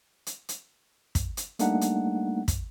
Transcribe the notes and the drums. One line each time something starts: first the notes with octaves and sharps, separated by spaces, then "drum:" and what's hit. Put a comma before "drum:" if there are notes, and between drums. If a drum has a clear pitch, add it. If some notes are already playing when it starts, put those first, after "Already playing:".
drum: hi-hat
drum: hi-hat
drum: kick, hi-hat
drum: hi-hat
G3 A3 A#3 D4 D#4 F#5, drum: hi-hat
drum: hi-hat
drum: kick, hi-hat